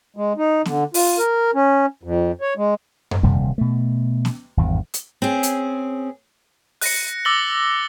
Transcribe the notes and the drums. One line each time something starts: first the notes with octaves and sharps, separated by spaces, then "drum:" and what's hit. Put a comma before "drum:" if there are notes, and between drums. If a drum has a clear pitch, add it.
G#3
D#4
D3, drum: snare
F4, drum: open hi-hat
A#4
C#4
F2
C#5
G#3
drum: tom F#2
D#1 D2 C3 G3
B2 A3
drum: snare
G#1 E2 G2
drum: hi-hat
C4 C#4 G#4
drum: hi-hat
F#6 A#6 C#7, drum: open hi-hat
D6 E6 A6 A#6 F#7 G7